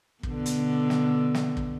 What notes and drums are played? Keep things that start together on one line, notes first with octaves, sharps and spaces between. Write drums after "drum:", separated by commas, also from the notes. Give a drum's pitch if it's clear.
B2 D3, drum: kick
drum: hi-hat
drum: snare
drum: snare
drum: kick